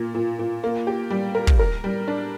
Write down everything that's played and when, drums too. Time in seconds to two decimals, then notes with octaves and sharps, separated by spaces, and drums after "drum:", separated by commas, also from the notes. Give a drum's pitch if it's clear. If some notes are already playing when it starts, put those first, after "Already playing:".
Already playing: A#2 A#3
0.14 A#2
0.39 A#2
0.64 A#3
0.87 G4
1.10 G3
1.35 A#4
1.47 drum: kick
1.59 A#4
1.84 G3
2.08 D4